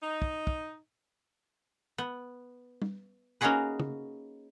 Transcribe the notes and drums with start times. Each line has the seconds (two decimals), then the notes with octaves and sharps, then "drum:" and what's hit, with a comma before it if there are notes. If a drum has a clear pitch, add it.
0.01 D#4
0.22 drum: kick
0.47 drum: kick
1.98 B3
2.82 drum: tom G3
3.41 A#3 C#4 D#4 F#4 G#4 B4
3.80 drum: tom C#3